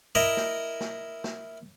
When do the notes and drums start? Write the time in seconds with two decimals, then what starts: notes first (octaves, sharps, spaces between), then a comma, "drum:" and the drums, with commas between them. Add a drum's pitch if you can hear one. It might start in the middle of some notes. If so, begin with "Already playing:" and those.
0.15 E4 A#4 D#5 E5
0.37 drum: snare
0.80 drum: snare
1.24 drum: snare